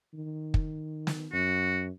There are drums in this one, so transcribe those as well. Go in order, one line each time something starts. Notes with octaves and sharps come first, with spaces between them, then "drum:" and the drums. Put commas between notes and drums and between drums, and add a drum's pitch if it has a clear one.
D#3
drum: kick
drum: snare
F#2 F#4